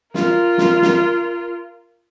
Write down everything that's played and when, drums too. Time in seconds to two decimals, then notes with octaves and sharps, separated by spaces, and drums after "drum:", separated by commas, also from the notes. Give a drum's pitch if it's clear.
0.14 F4 A#4, drum: snare
0.58 drum: snare
0.82 drum: snare